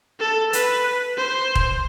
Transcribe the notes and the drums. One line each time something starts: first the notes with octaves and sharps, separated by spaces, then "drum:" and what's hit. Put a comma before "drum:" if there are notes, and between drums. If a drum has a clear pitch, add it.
A4
B4, drum: hi-hat
C5
drum: kick